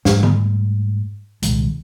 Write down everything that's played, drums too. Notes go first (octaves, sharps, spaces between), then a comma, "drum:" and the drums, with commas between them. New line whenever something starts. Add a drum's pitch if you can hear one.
G#2 G3 A3, drum: snare
drum: tom D3
C2 A#2 D#3 G#3, drum: hi-hat